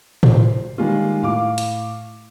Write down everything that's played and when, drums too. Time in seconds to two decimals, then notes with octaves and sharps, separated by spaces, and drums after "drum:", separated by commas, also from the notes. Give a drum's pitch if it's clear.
0.23 C5, drum: tom A2
0.78 D#3 G3 G#3 A#3 F4
1.22 A2 F5 D6
1.58 drum: hi-hat